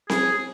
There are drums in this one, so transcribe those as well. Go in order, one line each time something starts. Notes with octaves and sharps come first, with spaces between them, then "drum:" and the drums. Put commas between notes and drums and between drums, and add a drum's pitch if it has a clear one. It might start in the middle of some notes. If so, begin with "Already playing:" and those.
G#4, drum: snare C4